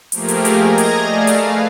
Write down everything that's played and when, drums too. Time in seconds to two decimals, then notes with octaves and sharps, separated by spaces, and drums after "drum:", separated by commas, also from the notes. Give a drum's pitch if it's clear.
0.12 F3 A3 A#3 G4 G#4 A#4, drum: hi-hat
0.28 drum: hi-hat
0.45 drum: hi-hat
0.57 D#5 A#5 G#6 A#6
0.78 drum: hi-hat
1.03 A3 G#4 D5 F5 A5
1.27 drum: hi-hat
1.37 B4 F5